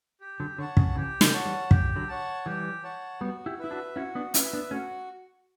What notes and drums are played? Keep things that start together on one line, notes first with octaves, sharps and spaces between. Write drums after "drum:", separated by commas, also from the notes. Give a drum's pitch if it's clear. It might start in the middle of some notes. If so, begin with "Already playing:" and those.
G4
D3 F#3
D3 C#5 F#5 A5
C#3, drum: kick
C#3 E3 G4
C#3 E3, drum: snare
C#5 F#5 A5
E3 G3
G4, drum: kick
D3 F#3
C#5 F#5 A5
E3 G3 G4
C#5 F#5 A5
G3 B3 F#4
E4 G4
E4 B4 E5
D4 F#4
C#4 E4 F#4
B3 D4
C#4 E4 B4 E5, drum: hi-hat
B3 D4
A3 C#4 F#4